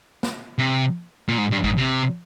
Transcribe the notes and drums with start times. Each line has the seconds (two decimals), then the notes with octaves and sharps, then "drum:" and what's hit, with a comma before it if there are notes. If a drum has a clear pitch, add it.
0.23 drum: snare
0.59 C3
1.28 A#2
1.38 G#2
1.51 G2
1.64 G#2, drum: kick G#1
1.78 C3